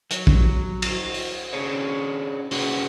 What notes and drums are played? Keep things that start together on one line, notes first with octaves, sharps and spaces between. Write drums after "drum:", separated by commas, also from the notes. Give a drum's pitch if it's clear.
F#3, drum: hi-hat
drum: kick
drum: cymbal
drum: open hi-hat
C#4 D4 G#4 C#5
C3 C#4 F#4 G#4 B4 F#5, drum: open hi-hat